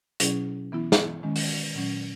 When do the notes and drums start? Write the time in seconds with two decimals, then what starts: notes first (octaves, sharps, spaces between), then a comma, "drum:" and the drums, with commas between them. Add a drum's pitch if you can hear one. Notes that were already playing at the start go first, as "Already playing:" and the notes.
0.20 B2 F#3 C#4 E4 G#4, drum: hi-hat
0.72 E3 B3 E4
0.92 drum: snare
1.23 D#3 G#3 C#4
1.36 drum: open hi-hat
1.75 A#2 F#3 C#4